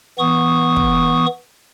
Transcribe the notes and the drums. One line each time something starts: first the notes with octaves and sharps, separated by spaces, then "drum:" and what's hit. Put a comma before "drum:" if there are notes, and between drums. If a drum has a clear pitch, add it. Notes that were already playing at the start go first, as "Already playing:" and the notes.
E3 B3 C#6 D#6
drum: kick